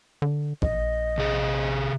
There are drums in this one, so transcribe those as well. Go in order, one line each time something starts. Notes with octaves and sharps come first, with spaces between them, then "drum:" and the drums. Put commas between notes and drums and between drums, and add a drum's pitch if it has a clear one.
D3
A#1 D#5, drum: kick A1
C3 G#4